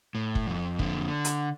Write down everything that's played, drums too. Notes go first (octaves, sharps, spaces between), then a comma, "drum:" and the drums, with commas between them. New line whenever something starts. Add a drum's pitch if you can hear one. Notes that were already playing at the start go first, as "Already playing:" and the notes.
A2
drum: kick
F2
D3, drum: kick
drum: hi-hat